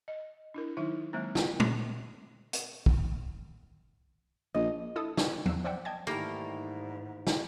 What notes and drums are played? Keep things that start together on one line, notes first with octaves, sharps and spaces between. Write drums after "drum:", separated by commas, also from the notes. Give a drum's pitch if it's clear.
D#5
D4 E4 A#4
D#3 F#3 D#4 E4 E5
D#3 F#3 G#3 A#3 C4 A#5
F4, drum: snare
drum: tom
drum: hi-hat
drum: kick
A#1 D#5
E4 A4 D#6
C#5, drum: snare
E2 E6, drum: tom F3
C5 D5 E5 F#5 G5
D#5 G5 A5 G#6
G#2 D#3 E3 G3 A3 A#3 A4 A#4
drum: snare